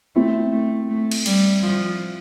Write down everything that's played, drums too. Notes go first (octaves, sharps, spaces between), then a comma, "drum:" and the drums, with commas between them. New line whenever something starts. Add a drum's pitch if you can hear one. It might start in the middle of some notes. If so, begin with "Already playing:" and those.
A3 C4 E4
A3
A3
drum: cymbal
G3, drum: cymbal
F3